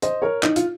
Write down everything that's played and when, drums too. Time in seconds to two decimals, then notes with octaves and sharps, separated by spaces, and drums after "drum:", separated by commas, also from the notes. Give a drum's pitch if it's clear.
0.02 C5 D#5, drum: hi-hat
0.22 A#4 C#5
0.43 D#4, drum: clap
0.56 F4, drum: hi-hat